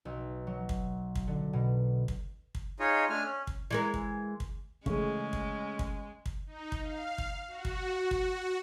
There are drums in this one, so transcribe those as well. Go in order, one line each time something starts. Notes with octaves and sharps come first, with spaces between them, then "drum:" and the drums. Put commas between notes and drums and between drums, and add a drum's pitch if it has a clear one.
B1
F#3
drum: kick
drum: kick
D3
B2
drum: kick
drum: kick
D#4 F4 G#4 C#5 D#5
A3 D4 G#5 F6
C#4
drum: kick
E3 G#3 A#4
drum: kick
drum: kick
C#3 E3 G#3 A3 C#4 G#4, drum: kick
drum: kick
drum: kick
drum: kick
D#4
drum: kick
F5
drum: kick
F#4
drum: kick
drum: kick